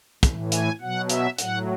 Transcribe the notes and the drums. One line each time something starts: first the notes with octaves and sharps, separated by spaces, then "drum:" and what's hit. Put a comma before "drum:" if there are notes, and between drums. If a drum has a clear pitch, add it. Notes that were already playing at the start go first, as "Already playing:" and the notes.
A2 E3, drum: kick, hi-hat
G#5, drum: hi-hat
B2 F#3 F#5
E5, drum: hi-hat
A2 F#3 F#5, drum: hi-hat